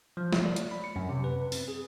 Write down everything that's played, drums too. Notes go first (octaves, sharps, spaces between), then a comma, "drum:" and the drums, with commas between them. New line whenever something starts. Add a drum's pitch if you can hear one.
F3
drum: snare
D5
drum: hi-hat
B5
C#7
F#2
C3
B4
C4, drum: open hi-hat
G#4